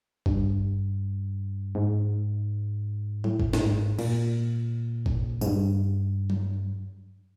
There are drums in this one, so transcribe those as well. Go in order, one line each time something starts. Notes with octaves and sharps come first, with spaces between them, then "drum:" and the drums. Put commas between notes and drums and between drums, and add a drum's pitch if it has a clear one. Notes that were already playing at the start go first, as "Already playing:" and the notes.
G2, drum: kick
G#2
A2, drum: tom F#3
drum: kick
A2, drum: snare
G#2
A#2, drum: cymbal
drum: kick
G#2, drum: tambourine
G2
drum: tom F#3